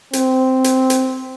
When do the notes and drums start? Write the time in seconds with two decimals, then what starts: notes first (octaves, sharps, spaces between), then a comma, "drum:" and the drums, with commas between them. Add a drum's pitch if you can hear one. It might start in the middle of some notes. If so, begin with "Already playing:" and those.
0.13 C4, drum: hi-hat
0.64 drum: hi-hat
0.90 drum: hi-hat